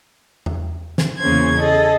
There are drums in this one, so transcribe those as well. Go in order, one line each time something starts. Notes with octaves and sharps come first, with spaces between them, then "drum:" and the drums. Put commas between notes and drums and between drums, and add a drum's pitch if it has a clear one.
drum: tom E2
drum: snare
E2 C#3 A#3 C#4 C5 G#6
G#4 A4 D#5